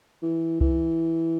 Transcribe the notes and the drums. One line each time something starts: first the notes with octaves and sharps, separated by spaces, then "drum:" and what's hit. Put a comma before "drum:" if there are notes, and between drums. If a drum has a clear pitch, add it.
E3
E3, drum: kick C2